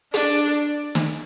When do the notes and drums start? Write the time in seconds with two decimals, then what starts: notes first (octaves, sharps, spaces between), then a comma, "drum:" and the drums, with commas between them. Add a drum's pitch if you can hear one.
0.14 D4, drum: hi-hat
0.95 drum: snare